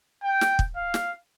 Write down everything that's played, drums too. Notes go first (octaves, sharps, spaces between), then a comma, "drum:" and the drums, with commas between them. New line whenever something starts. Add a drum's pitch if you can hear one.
G5
drum: snare
drum: kick
F5
drum: snare